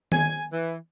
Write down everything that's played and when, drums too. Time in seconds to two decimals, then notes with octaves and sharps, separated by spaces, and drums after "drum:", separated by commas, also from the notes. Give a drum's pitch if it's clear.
0.12 G#5, drum: tom D#3
0.51 E3